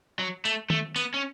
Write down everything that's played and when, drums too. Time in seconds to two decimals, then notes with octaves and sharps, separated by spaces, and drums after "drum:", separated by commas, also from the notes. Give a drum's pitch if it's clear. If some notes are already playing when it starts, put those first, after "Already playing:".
0.19 F#3
0.45 A3, drum: tambourine
0.70 A3, drum: tom D#3
0.96 B3, drum: tambourine
1.14 C#4